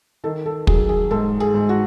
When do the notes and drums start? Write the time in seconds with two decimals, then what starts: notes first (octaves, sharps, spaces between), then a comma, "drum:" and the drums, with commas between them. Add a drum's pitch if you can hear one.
0.24 D#3 A4
0.46 A4
0.67 F#3 G#4, drum: kick
0.89 G#4
1.11 G#2 A4
1.40 G#4
1.54 G#2
1.69 F#4